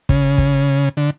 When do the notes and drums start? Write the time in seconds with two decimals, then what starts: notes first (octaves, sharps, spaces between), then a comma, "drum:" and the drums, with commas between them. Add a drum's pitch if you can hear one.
0.09 C#3, drum: kick
0.38 drum: kick
0.97 D3